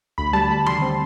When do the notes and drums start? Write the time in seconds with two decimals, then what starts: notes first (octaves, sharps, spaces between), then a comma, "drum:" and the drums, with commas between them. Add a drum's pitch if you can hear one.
0.18 D2 B5
0.33 G3 A5
0.50 D2 B5
0.66 G3 C6, drum: tom D#3
0.82 C4